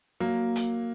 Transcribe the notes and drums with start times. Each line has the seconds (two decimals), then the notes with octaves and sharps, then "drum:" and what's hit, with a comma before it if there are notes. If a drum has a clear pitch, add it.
0.20 F#3 A#3
0.56 drum: hi-hat